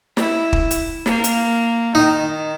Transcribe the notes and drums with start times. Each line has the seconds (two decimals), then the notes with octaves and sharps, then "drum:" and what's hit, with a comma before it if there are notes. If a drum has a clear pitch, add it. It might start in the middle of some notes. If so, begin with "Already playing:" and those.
0.17 E4, drum: snare
0.53 drum: kick
0.71 drum: hi-hat
1.06 A#3, drum: snare
1.24 drum: hi-hat
1.95 D#3 D#4